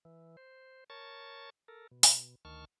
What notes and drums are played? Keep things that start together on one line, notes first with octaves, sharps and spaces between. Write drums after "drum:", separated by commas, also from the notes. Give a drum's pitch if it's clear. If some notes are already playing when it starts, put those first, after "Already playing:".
E3
C5
A#4 C#5 A5 C#6 A6
A4 A#4
B2
drum: open hi-hat
D2 D#3 A5 C#6 F6